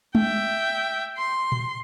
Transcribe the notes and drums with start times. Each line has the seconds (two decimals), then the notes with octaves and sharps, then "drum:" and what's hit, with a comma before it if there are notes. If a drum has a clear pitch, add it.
0.15 E5 G5, drum: tom G#3
1.17 C6
1.52 drum: tom A#2